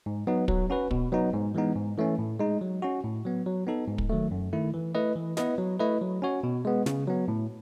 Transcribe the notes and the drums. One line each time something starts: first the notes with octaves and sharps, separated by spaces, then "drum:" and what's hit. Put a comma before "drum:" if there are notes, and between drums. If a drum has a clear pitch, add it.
G#2
F#3 B3 D#4
F#3, drum: kick
C#4 F#4 B4
B2, drum: kick
F#3 B3 D#4
G#2
E3 G#3 B3 D#4
G#2
E3 A3 C#4
A2
G#3 D#4
F#3
C#4 F#4
A2
F#3 B3
F#3
B3 D#4 A4
G#2
drum: kick
D#3 F#3 A3
F#2
D#3 A3 E4
E3
A3 E4 B4 D#5
E3
B3 E4 B4 D#5, drum: snare
F#3
A3 E4 B4 D#5
F#3
C#4 F#4 C#5
B2
G#3 B3
C#3, drum: snare
F#3 B3
A2